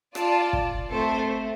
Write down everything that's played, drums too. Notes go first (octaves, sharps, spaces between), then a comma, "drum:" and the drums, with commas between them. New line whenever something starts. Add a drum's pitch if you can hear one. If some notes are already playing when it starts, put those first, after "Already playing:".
F4 D5 A5, drum: rim click
drum: kick
A3 C4 A4 C5